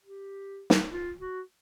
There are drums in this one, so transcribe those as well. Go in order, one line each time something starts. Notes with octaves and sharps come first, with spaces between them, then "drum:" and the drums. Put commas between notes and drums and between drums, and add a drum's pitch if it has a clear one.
G4
drum: snare
F4
F#4